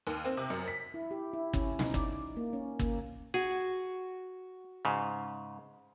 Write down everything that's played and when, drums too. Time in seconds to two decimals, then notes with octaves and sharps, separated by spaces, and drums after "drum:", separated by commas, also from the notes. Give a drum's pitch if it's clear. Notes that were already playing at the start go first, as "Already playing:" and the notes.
0.07 D#2, drum: hi-hat
0.25 C4
0.37 C3
0.50 F#2
0.68 B6
0.94 E4
1.11 G4
1.33 E4
1.53 C#4, drum: kick
1.79 D#4, drum: snare
1.94 D5, drum: kick
2.37 A#3
2.53 C#4
2.79 A#3, drum: kick
3.34 F#4 G#4
4.85 G#2 C#3